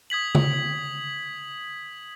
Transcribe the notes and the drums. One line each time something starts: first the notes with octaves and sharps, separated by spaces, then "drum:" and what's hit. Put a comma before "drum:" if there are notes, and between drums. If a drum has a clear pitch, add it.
D#6 G#6 B6 F#7
drum: tom C#3